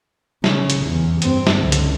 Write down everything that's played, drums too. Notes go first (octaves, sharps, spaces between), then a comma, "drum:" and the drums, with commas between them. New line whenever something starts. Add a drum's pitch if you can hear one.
C#3, drum: snare
drum: hi-hat
E2
G2 C4, drum: hi-hat
drum: snare
C#2 D3
drum: hi-hat